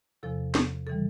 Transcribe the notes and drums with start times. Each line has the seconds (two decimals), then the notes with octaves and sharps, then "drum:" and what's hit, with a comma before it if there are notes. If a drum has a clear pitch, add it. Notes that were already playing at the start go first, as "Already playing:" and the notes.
0.23 E2 C3 F3 A4
0.55 drum: snare
0.87 C#3 E3 G3 A4